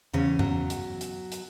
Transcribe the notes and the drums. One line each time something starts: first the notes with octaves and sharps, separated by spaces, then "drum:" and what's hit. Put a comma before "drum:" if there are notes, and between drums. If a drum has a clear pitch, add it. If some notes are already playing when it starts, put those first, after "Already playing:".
E2 C#3 C#4
F#3, drum: tom G2
drum: hi-hat
drum: hi-hat
drum: hi-hat